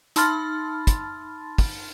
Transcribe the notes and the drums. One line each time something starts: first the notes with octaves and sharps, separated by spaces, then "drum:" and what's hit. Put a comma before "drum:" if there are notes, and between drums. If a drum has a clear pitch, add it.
D#4 A5 B5 C6 F6 A6, drum: hi-hat
drum: kick, hi-hat
drum: kick, open hi-hat